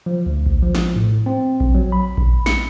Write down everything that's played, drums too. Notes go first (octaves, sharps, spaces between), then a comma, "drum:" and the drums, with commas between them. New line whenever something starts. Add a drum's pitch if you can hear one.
F3
D2
drum: kick A#1
F3
drum: snare
A2
C4
drum: kick A#1
F#3
B5
drum: kick A#1
C#7, drum: snare